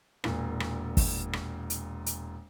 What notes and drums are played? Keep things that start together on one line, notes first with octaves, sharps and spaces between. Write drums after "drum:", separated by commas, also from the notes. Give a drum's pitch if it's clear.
E1 A#2, drum: rim click
drum: rim click
drum: kick, open hi-hat
drum: rim click
drum: hi-hat
drum: hi-hat